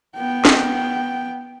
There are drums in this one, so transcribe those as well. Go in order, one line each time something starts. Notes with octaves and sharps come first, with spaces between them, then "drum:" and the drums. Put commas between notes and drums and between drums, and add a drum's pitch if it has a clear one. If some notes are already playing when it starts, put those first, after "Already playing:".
B3 G5
drum: snare